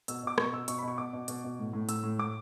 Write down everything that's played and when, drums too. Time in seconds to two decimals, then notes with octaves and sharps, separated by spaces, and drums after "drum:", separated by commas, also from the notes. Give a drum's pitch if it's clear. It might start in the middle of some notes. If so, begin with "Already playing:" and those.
0.08 B2 E6, drum: hi-hat
0.23 B2 D6
0.38 B2 C#6, drum: rim click
0.53 B2 E6
0.68 B2 C#6, drum: hi-hat
0.78 B5
0.83 B2
0.88 C#6
0.98 B2 D6
1.13 B2
1.28 B2, drum: hi-hat
1.44 B2
1.59 A2
1.73 A2
1.89 A2 E6, drum: hi-hat
2.03 A2
2.19 A2 D6